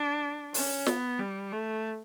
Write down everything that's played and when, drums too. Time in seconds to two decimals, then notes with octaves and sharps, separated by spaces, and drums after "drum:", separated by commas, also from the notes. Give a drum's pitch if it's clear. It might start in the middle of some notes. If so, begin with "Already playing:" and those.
Already playing: D4
0.54 C#4, drum: open hi-hat
0.86 B3, drum: snare
1.19 G3
1.52 A3